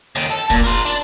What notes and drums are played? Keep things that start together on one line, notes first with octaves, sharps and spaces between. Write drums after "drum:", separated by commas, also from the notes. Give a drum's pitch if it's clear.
D#2 D#3
A4
A#2, drum: kick
A#4 C5
D4